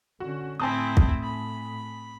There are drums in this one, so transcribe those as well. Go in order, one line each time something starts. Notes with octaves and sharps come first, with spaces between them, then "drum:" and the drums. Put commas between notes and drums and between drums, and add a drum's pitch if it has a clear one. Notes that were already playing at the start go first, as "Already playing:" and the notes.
D3 C#4 F#4
A2 C4 E4 G#5 A5 D#6
drum: kick
B5